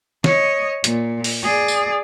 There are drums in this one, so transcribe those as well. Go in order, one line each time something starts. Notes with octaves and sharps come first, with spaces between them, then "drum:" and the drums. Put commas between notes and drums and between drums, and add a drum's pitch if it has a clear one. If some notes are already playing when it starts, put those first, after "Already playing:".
C#5 D#5, drum: snare
A#2, drum: hi-hat
drum: open hi-hat
G#4 D5
drum: tambourine